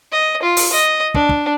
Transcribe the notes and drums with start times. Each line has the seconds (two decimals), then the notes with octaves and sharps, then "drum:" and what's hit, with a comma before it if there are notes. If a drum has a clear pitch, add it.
0.12 D#5
0.42 F4
0.57 drum: open hi-hat
0.73 D#5
1.14 D4, drum: kick
1.29 drum: kick